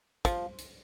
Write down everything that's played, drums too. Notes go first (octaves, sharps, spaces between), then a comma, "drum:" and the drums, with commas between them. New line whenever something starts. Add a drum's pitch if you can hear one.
F3, drum: kick, hi-hat
drum: hi-hat